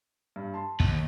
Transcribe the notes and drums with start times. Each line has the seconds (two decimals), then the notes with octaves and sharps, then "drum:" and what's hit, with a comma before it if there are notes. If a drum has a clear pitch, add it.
0.36 G2
0.54 A5 C6
0.80 D#2, drum: kick